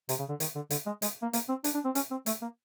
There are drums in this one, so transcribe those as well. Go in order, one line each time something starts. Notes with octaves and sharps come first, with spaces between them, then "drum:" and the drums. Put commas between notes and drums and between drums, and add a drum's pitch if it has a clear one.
C3, drum: hi-hat
C#3
D3
D#3, drum: hi-hat
D3
D3, drum: hi-hat
G#3
G#3, drum: hi-hat
A#3
A#3, drum: hi-hat
C4
D4, drum: hi-hat
D4
C4
C#4, drum: hi-hat
C4
A3, drum: hi-hat
A#3